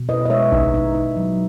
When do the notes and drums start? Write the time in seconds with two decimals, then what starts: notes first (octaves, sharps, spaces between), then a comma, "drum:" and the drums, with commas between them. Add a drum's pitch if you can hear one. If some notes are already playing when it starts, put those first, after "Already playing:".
Already playing: B2
0.09 E4 B4 D#5
0.25 D#5
0.30 G#3 C#5 E5
0.52 D#4, drum: kick A1
0.74 D#4
0.95 D#4
1.17 F#3